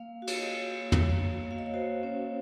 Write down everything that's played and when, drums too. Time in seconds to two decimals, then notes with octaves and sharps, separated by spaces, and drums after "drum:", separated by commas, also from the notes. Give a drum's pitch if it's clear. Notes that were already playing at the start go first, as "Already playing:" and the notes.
Already playing: A#3 F5
0.22 F#4
0.27 C#5, drum: cymbal
0.37 D#5
0.52 F#4
0.83 A#3
0.92 drum: tom
1.12 A#3
1.43 A#3
1.51 F5
1.59 D#5
1.66 C#5
1.74 F#4 C5
2.03 C#4